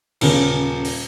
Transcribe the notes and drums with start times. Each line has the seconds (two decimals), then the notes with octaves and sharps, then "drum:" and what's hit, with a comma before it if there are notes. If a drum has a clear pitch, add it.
0.21 D#1 C#3, drum: cymbal
0.85 drum: open hi-hat